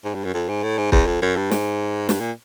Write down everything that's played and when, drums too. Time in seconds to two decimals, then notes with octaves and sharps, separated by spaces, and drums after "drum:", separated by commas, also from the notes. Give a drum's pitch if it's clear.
0.05 G#2
0.15 G2
0.25 F#2
0.34 F2
0.49 G#2
0.63 A2
0.78 G#2
0.92 E2, drum: kick
1.07 F2
1.22 F#2
1.37 G2
1.51 G#2, drum: snare
2.09 G2, drum: snare
2.20 A#2